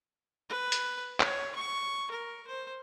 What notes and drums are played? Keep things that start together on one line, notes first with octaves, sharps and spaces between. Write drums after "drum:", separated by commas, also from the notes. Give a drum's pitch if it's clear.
B4
drum: hi-hat
C#5, drum: clap
C#6
A#4
C5